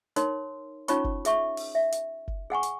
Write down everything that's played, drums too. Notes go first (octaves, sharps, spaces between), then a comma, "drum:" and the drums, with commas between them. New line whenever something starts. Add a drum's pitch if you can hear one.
D#4 A#4 C#5 C6, drum: hi-hat
C#4 D#4 F4 C#5 B5 C#6, drum: hi-hat
drum: kick F#1
G#4 E5 C#6, drum: hi-hat
drum: open hi-hat
E5
drum: hi-hat
drum: kick F#1
G#4 F#5 G#5 C#6
drum: hi-hat